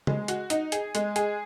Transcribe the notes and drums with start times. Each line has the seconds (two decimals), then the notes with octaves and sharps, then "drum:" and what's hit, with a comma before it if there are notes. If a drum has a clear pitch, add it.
0.07 G#3, drum: tom
0.28 F#4, drum: hi-hat
0.50 D#4, drum: hi-hat
0.72 G#4, drum: hi-hat
0.95 G#3, drum: hi-hat
1.16 G#4, drum: hi-hat